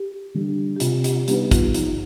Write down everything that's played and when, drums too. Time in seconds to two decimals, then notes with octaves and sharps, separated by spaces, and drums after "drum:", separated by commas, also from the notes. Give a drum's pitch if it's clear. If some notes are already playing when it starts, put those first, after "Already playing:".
Already playing: G4
0.34 D3 G3
0.76 G4
0.80 C3 F4, drum: hi-hat
1.04 G4, drum: hi-hat
1.28 G3 B3 D#4 G4 B4, drum: hi-hat
1.51 F4, drum: kick, hi-hat
1.74 F3 D#4, drum: hi-hat